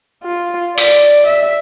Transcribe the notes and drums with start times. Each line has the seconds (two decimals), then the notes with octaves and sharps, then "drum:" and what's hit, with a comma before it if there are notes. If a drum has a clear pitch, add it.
0.23 F4
0.78 D5, drum: open hi-hat
1.27 E5